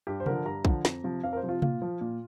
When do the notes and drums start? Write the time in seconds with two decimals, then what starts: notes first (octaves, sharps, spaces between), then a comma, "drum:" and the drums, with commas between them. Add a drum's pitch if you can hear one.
0.07 G2 G4
0.20 C5
0.26 D3 F3 A#4, drum: tom C3
0.45 G2 A#5
0.65 D3 F3, drum: kick
0.85 F2, drum: snare
1.04 C3 F3
1.23 F2 F5
1.33 A#4
1.37 C5
1.43 C3 F3
1.49 F4
1.62 A#2 F4, drum: tom C3
1.82 F3
2.01 A#2